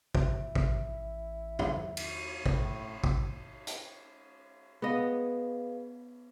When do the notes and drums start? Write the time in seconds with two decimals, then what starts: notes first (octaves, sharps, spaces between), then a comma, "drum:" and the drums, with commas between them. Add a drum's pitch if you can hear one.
0.15 A1 E4, drum: kick
0.55 drum: kick
1.59 drum: tom
1.97 drum: cymbal
2.46 A2, drum: kick
3.04 drum: kick
3.67 drum: hi-hat
4.82 B3 G#4 B4 D#5 F5